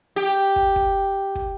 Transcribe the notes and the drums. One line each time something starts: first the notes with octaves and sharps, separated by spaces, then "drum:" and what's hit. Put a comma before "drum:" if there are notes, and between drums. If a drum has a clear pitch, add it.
G4
drum: kick
drum: kick
drum: kick